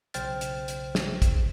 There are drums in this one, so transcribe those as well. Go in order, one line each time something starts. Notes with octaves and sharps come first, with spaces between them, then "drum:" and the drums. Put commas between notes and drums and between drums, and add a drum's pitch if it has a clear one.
B1 C#3 C5 G5 F6 A6, drum: hi-hat
drum: hi-hat
drum: hi-hat
drum: snare
drum: kick, hi-hat